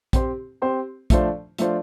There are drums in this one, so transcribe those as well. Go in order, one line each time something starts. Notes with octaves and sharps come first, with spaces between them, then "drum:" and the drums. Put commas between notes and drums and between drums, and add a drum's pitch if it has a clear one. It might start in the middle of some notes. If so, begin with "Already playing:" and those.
C4 G4 C5, drum: kick, hi-hat
C4 G4 C5
F3 A3 D4 F4 C5, drum: kick, hi-hat
F3 A3 D4 F4 C5, drum: hi-hat